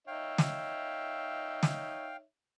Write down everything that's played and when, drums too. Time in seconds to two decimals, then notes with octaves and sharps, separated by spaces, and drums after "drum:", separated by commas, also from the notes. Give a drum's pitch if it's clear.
0.07 D#4 C#5 E5 F5 G5
0.38 drum: snare
1.63 drum: snare